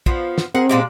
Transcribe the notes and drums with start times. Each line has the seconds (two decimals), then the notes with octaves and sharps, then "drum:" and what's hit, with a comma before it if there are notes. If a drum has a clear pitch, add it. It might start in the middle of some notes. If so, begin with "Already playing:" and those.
0.06 F3 B3, drum: kick
0.38 drum: snare
0.55 C4 G#4 A#4 F#5
0.69 A#2 G#3 G4